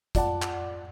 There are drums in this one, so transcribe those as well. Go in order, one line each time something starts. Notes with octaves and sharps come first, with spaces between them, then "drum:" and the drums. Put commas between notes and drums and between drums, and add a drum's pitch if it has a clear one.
F4 D5 F#5 A5, drum: kick, hi-hat
drum: clap